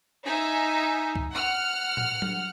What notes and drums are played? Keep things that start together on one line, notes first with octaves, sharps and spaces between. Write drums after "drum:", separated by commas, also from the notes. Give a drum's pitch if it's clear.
D#4 E5 G#5
drum: kick C#2
F#5 F6
drum: tom A2
drum: tom F#3